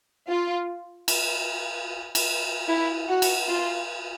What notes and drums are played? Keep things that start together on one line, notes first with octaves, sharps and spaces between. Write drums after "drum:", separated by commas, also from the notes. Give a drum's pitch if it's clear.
F4
drum: cymbal
drum: cymbal
E4
F#4
drum: cymbal
F4